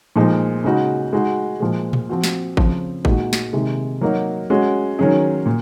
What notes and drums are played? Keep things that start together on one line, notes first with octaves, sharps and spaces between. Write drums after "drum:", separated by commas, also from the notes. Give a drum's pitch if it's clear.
A#2 F3 G#3 D#4
C#3 G#3 D#4 F#4
G#3 D#4 F#4
A#2 F3 G#3
drum: tom A#2
F3 C4 F#4
drum: snare
C#3 F3 C4, drum: kick G#1
A#2 G#3 D#4 F#4, drum: kick G#1
drum: snare
C3 D#3 G#3
F#3 A#3 D#4 F#4
G#3 C#4 F#4
D#3 F#3 C#4 G#4
A#2